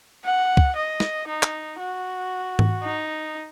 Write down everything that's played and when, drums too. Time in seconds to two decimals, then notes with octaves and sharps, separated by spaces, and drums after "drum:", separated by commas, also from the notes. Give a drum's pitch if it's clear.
0.24 F#5
0.57 drum: kick
0.76 D#5
1.00 drum: snare
1.27 D#4
1.43 drum: clap
1.79 F#4
2.59 drum: tom G#2
2.83 D#4